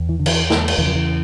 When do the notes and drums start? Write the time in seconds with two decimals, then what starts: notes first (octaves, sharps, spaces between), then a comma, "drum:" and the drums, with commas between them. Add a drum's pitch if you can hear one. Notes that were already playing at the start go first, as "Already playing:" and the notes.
Already playing: E2
0.09 E3
0.19 D3
0.26 E3, drum: cymbal
0.50 drum: snare
0.68 drum: cymbal
0.78 E2 C#3 E3
0.87 F3
0.95 E3